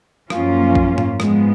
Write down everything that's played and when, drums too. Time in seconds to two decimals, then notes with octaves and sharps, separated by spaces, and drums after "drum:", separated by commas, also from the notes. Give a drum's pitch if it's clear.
0.30 F#2 F3 A#3 C#4 F4, drum: rim click
0.75 drum: kick A1
0.98 drum: tom G#2
1.20 G#2 F3 G#3 B3, drum: rim click